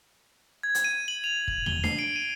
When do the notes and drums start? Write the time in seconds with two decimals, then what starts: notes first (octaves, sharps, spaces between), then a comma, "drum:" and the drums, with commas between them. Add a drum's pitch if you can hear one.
0.63 G#6
0.75 drum: hi-hat
0.84 D#7
1.08 F#7
1.24 F7
1.48 drum: kick
1.66 G7, drum: tom E2
1.84 C7, drum: snare D4
1.99 D7
2.16 D#7